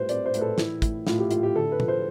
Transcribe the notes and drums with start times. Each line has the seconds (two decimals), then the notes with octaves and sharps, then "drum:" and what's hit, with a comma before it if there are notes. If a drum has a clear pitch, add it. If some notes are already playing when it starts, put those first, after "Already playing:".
Already playing: A2 G3 B4 C5
0.09 C4 D5, drum: hi-hat
0.26 C5
0.34 A2 B4, drum: hi-hat
0.41 A4
0.58 E3 E4, drum: snare
0.82 A2, drum: kick, hi-hat
1.07 A2 F4, drum: snare
1.19 G4
1.31 A2 F4, drum: hi-hat
1.43 G4
1.55 D3 A4
1.72 B4
1.80 F3, drum: tom
1.88 C5